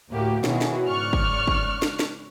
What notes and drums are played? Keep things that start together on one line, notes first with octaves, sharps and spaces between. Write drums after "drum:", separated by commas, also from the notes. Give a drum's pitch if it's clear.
D2 A2 A#3 F#4 G4
B2 D#3 E3 C#4 F#4 G#4, drum: snare
drum: snare
G#2 C#3 D5 C#6 F6 F#6
drum: kick
drum: kick
drum: snare
drum: snare